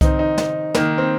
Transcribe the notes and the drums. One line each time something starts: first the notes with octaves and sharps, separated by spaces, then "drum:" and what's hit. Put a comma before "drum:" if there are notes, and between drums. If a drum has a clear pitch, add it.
D#3 C4 D#4, drum: kick C2, hi-hat
D#4
drum: snare
D#3 A#3, drum: snare
C4